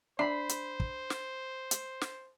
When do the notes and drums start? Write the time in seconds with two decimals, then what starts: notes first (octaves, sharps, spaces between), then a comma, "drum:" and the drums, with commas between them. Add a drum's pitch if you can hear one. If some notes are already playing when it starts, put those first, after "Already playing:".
0.19 D4 C5 E5 B5 C7
0.49 drum: hi-hat
0.80 drum: kick
1.10 drum: snare
1.71 drum: hi-hat
2.01 drum: snare